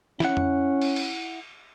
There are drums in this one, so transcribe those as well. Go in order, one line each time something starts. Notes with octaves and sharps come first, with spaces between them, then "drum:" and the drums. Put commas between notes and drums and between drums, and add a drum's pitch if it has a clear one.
C#4 E4 F#5, drum: snare
drum: tom F2
drum: cymbal
drum: cymbal